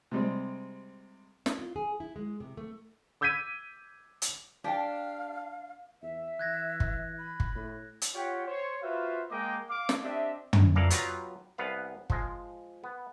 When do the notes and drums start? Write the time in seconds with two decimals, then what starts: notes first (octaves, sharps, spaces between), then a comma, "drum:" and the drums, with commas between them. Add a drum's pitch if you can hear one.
0.12 C3 G3 G#3 C4
1.46 E4, drum: snare
1.59 F4
1.76 G#4
2.00 E4
2.16 G#3
2.40 C3
2.57 A3
3.21 D6 E6 G6 G#6 B6 D#7
4.22 drum: hi-hat
4.64 D4 G4 F5 G5
6.02 E2 E5
6.39 E3 F#6 G#6 A#6
6.80 drum: kick
7.19 B5
7.40 drum: kick
7.55 A2
8.02 drum: hi-hat
8.14 F4 G4 C#5 F#5 G5
8.47 C5 C#5
8.82 F4 F#4 B4 C5 E5 F5
9.31 G#3 A#3 D#5 G5 D6
9.69 F5 D6
9.89 drum: snare
10.03 C4 D4 G4 D#5 E5
10.53 drum: tom
10.76 A#2 E3 A4 D5 F5 A#5
10.90 F#3 B3 F4 G4 A#5, drum: hi-hat
11.58 C2 B3 B4 F5
12.10 F3 G#3, drum: kick
12.84 B3